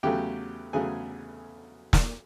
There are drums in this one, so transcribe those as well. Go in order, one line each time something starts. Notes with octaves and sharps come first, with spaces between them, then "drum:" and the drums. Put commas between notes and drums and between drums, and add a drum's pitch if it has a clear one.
E2 C#3 F#3 A3 G4 G5
E2 C#3 F#3 A3 G#4 G#5
drum: snare